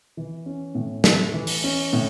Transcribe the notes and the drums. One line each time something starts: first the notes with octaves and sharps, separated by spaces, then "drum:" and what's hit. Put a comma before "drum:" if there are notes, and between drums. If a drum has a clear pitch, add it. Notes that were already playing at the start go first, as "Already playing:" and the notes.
E3
C#4
A2
A3, drum: snare
E3
drum: open hi-hat
C#4
A2